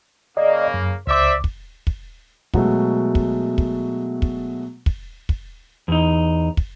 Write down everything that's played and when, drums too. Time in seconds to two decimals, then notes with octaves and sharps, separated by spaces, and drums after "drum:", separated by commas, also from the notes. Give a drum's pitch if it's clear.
0.37 C#3 A#3 D5 D#5
0.74 F#2
1.07 C#2 C5 D5 E5 D6
1.44 drum: kick
1.87 drum: kick
2.54 B2 F#3 G#3 A3, drum: kick
3.15 drum: kick
3.58 drum: kick
4.22 drum: kick
4.86 drum: kick
5.29 drum: kick
5.88 E2 D#4
6.57 drum: kick